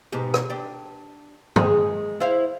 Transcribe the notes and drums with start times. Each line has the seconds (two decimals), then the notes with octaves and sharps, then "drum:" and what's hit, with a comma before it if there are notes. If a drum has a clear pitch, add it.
0.12 G#2 B2 G4
0.34 drum: rim click
0.50 D4 G4
1.56 G#3 G#4, drum: tom
2.20 E4 C5 F5